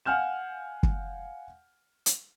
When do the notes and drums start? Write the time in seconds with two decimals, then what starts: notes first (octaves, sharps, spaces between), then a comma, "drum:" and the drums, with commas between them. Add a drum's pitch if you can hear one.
0.06 F5 F#5 G#5 F6 G6 E7
0.83 drum: kick
2.06 drum: hi-hat